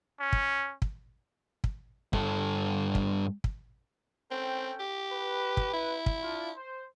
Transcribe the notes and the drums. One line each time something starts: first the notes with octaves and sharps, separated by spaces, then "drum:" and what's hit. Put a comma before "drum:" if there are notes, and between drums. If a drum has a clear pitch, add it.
C#4
drum: kick
drum: kick
drum: kick
G2 A4, drum: kick
drum: kick
drum: kick
C4 C#4 A4 G5
G4
B4
drum: kick
E4
drum: kick
D4 F4
C5